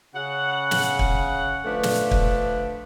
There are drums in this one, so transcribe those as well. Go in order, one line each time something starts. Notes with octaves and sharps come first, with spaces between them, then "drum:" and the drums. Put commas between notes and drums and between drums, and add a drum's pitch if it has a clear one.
C#3 F#5
drum: snare
drum: kick
D3 F3 A3 D4 B4
drum: snare
drum: kick